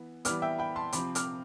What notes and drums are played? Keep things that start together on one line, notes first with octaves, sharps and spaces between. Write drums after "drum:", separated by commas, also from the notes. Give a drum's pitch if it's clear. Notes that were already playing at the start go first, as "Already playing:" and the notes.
Already playing: E3 B3
E3 G3 B3 D6 F6, drum: hi-hat
E5 G5
G5 B5
A5 C6
C3 F3 C4 B5 D6, drum: hi-hat
D6 F6, drum: hi-hat